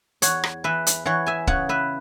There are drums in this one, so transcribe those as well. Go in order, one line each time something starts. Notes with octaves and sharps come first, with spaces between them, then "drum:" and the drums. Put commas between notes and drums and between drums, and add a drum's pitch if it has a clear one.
E2 C#5 F#5, drum: hi-hat
drum: rim click
E3 B4 E5
drum: hi-hat
E3 C#5 F#5
E5 G#5
C#3 C#5 F#5, drum: kick
B4 E5